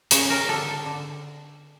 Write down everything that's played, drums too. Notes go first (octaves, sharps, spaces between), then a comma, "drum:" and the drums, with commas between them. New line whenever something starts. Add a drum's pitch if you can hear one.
C#3 C#5, drum: hi-hat
A#4
D3 A4
D3